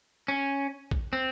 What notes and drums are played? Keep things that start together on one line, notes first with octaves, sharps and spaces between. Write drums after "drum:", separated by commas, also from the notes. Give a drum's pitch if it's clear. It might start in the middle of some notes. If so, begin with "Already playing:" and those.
C#4
drum: kick
C4